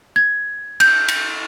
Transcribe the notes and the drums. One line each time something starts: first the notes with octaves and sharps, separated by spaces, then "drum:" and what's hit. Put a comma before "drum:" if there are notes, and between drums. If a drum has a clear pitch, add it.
G#6
G6, drum: cymbal
drum: cymbal